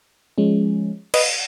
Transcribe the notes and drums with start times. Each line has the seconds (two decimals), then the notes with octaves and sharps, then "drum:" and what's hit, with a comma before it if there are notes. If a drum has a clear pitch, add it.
0.38 F3 G#3 C#4
1.14 B4 D#5, drum: cymbal